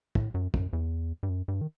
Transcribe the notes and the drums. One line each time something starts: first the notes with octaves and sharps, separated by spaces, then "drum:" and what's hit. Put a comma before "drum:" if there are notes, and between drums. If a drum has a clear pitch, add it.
A2, drum: kick
F#2
F#2, drum: kick
E2
G2
F#2
G2
D#3